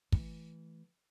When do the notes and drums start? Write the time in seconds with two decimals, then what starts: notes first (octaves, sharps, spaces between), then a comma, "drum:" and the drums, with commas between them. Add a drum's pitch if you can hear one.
0.12 E3 A3, drum: kick